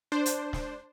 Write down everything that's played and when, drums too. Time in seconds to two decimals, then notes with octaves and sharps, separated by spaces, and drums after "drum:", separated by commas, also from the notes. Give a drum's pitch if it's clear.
0.12 D4 C5
0.26 drum: hi-hat
0.53 drum: snare